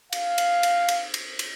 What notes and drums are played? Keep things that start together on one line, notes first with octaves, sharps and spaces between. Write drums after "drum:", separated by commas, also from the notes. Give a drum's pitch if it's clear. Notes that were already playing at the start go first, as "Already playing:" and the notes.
F5, drum: cymbal
drum: cymbal
drum: cymbal
drum: cymbal
drum: cymbal
drum: cymbal